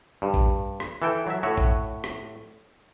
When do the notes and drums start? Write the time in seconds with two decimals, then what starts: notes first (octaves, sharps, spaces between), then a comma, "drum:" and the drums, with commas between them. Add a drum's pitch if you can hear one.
0.22 G2
0.34 drum: kick
0.80 drum: rim click
1.02 E3 A4 G5
1.27 F#3 E5
1.43 A2 F#4 C#5 E5
1.57 drum: kick
2.04 drum: rim click